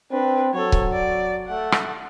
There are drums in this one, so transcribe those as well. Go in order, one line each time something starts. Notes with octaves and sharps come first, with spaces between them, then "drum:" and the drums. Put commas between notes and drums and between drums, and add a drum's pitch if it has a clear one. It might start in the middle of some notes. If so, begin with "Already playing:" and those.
C4 D4 B4
F#3 A4 C#5
drum: kick C#1
D5
A3 F#5
drum: rim click